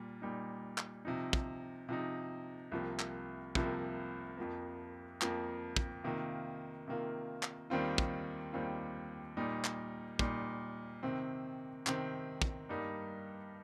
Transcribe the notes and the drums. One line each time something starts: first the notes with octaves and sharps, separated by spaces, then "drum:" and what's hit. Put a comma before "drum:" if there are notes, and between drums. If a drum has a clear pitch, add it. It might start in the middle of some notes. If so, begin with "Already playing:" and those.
Already playing: A#2 G3
A#2 G3 D#4
drum: clap
C3 F3 D#4
drum: kick
C3 F3 D#4
C2 C3 F3 A#3
drum: clap
C2 C3 F3 A#3, drum: kick
F2 F3 A#3
F2 F3 A#3, drum: clap
drum: kick
C3 D#3 A#3 F4
C3 D#3 A#3 F4
drum: clap
D#2 D#3 G3 C4 F4
drum: kick
D#2 D#3 G3 C4 F4
A#2 G3 D#4
drum: clap
A#2 G3 D#4, drum: kick
C3 D#3 C4
C3 D#3 C4, drum: clap
drum: kick
G2 G3 A#3 D#4